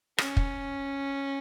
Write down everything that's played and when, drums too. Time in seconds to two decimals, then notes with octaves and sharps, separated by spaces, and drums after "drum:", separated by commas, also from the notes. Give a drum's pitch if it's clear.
0.18 C#4, drum: rim click
0.37 drum: kick